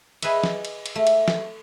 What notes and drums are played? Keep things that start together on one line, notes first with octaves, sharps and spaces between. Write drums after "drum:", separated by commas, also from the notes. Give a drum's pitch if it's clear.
G#4 B4 D#5 E5, drum: cymbal
drum: snare
drum: cymbal
drum: cymbal
A3
drum: cymbal
drum: snare